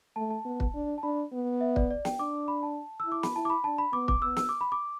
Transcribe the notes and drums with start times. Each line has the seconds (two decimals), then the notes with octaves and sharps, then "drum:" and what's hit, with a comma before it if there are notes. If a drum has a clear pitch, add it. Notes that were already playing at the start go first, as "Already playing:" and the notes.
0.16 A3 A5
0.30 A5
0.45 B3
0.60 drum: kick
0.75 D4
0.98 A5
1.03 D4 B5
1.32 B3
1.61 E5
1.76 D5, drum: kick
1.91 D5
2.05 G5, drum: snare
2.19 D4 D6
2.48 B5
2.63 A5
3.00 E6
3.06 E4
3.12 D6
3.23 B5, drum: snare
3.35 E4 A5
3.45 D6
3.50 B5
3.64 D4 A5
3.78 B5
3.93 B3 D6
4.08 D6, drum: kick
4.22 B3 E6
4.37 E6, drum: snare
4.49 D6
4.61 B5
4.72 D6